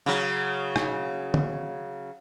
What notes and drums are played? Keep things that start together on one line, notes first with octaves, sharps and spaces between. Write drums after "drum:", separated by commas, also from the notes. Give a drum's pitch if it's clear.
C#3 F#3
drum: rim click
drum: tom